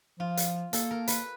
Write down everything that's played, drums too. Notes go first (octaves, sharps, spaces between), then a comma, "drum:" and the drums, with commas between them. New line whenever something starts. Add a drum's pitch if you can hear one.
F3 F4
drum: hi-hat
A#3 A4, drum: hi-hat
A#4
B4, drum: hi-hat